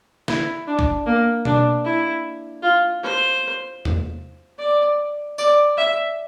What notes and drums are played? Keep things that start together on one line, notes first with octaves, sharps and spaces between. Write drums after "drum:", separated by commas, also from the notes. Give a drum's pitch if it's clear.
E4, drum: snare
D4
drum: kick
A#3
D4, drum: tom B2
E4
F4
C5
drum: tom E2
D5
D5, drum: tambourine
E5